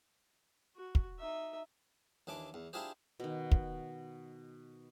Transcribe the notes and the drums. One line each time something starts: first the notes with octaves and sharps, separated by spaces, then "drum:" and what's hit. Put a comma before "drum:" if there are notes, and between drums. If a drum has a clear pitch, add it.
F#4
drum: kick
D#4 E5
D#2 E3 D4 D6
E2
D4 E4 F4 G4 G#4 C5
B2 D#3
drum: kick